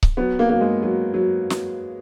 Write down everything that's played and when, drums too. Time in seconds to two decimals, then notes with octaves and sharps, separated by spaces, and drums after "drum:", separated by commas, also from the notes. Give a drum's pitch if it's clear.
0.03 drum: kick C#1
0.17 F#3 B3
0.39 A#3
0.49 F#3 A#3
0.61 G#3
0.82 F#3
1.14 F#3
1.50 drum: snare